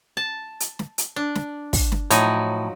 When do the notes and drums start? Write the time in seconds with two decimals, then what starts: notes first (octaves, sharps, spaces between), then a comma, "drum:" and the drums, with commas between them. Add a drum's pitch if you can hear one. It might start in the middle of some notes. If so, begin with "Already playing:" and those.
0.17 A5
0.60 drum: hi-hat
0.79 drum: snare
0.98 drum: hi-hat
1.16 D4
1.35 drum: snare
1.73 drum: kick, open hi-hat
1.92 drum: snare
2.11 A2 F3 F#3 D#4 G#5, drum: hi-hat